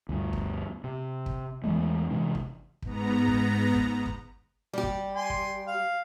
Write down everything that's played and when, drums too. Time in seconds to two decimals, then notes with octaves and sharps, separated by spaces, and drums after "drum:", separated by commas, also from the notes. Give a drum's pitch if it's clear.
0.09 D2 G2 D3
0.33 drum: kick
0.84 C3
1.26 drum: kick
1.64 E2 E3 G#3 A3
2.10 C3 E3 G#3 D4
2.35 drum: kick
2.82 G#2 B3 A#5, drum: kick
3.28 drum: kick
3.75 drum: kick
4.06 drum: kick
4.73 G3 G4
4.83 drum: kick
5.14 G#5 C6
5.30 drum: kick
5.67 F5